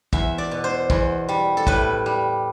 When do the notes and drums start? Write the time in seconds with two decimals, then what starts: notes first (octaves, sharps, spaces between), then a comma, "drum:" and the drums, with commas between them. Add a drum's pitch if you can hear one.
0.13 E2 E5, drum: kick
0.38 D5
0.51 B2
0.64 C5
0.90 E2, drum: kick
1.29 G3
1.57 A4
1.67 A2 B4, drum: kick
2.06 G3